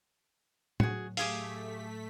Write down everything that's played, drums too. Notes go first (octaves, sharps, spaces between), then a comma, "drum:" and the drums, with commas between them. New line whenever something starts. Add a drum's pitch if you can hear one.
A2 F#3 F#4 G#4, drum: tom
A3 G4 G#4 F5 B6, drum: open hi-hat